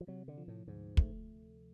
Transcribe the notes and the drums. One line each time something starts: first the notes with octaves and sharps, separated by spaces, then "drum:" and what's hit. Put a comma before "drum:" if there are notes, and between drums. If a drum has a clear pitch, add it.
F3
C3 F#3
D3
F3
A2
D2 G#2
A3, drum: kick